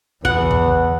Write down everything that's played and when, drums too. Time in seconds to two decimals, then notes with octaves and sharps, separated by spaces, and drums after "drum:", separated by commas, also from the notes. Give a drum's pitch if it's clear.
0.25 E2 B3 F#5, drum: kick
0.51 drum: kick